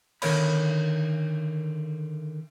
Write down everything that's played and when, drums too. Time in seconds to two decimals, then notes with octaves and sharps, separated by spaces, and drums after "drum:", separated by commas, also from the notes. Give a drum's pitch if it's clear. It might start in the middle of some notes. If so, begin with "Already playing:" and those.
0.22 D3 D#3 A#4 C#5 B5, drum: cymbal